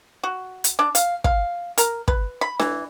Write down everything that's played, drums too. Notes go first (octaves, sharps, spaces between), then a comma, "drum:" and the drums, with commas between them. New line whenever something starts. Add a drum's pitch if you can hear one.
F#4
drum: hi-hat
D4
F5, drum: hi-hat
F5, drum: kick
A#4, drum: hi-hat
B4, drum: kick
B5
E3, drum: snare D4